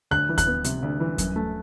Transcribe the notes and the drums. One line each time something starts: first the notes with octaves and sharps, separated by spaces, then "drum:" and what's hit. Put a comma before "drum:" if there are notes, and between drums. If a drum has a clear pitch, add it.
D2 F#6
E3
F#6, drum: kick D2, hi-hat
B3
C3, drum: hi-hat
D2
E3
F#2, drum: kick D2, hi-hat
A3